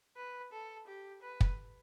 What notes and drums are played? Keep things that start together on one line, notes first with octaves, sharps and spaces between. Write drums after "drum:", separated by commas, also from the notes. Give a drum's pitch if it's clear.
B4
A4
G4
B4
drum: kick